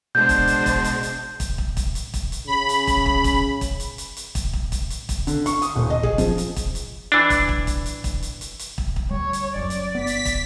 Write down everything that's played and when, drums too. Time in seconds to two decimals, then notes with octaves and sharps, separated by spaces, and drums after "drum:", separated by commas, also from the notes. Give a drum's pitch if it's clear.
0.15 B2 G#3 D4 C5 G6
0.29 drum: kick, hi-hat
0.48 drum: hi-hat
0.66 drum: kick, hi-hat
0.84 drum: hi-hat
1.03 drum: hi-hat
1.40 drum: kick, hi-hat
1.58 drum: kick
1.77 drum: kick, hi-hat
1.95 drum: hi-hat
2.14 drum: kick, hi-hat
2.32 drum: hi-hat
2.47 C#3 B5
2.69 drum: hi-hat
2.87 drum: kick, hi-hat
3.06 drum: kick
3.24 drum: kick, hi-hat
3.61 drum: kick, hi-hat
3.80 drum: hi-hat
3.98 drum: hi-hat
4.17 drum: hi-hat
4.35 drum: kick, hi-hat
4.53 drum: kick
4.72 drum: kick, hi-hat
4.90 drum: hi-hat
5.09 drum: kick, hi-hat
5.27 D3, drum: hi-hat
5.46 C#6, drum: hi-hat
5.62 D#6, drum: hi-hat
5.75 D#1
5.90 D#5
6.03 G#4, drum: kick
6.18 F3, drum: kick, hi-hat
6.38 drum: hi-hat
6.56 drum: kick, hi-hat
6.75 drum: hi-hat
7.12 E3 D4
7.30 drum: kick, hi-hat
7.49 drum: kick
7.67 drum: kick, hi-hat
7.86 drum: hi-hat
8.04 drum: kick, hi-hat
8.22 drum: hi-hat
8.41 drum: hi-hat
8.59 drum: hi-hat
8.78 drum: kick
8.96 drum: kick
9.10 D2 G3 C#5
9.33 drum: hi-hat
9.56 F#1 F#2 D5
9.70 drum: hi-hat
9.95 G1 B3 B6
10.07 drum: hi-hat
10.25 drum: kick, hi-hat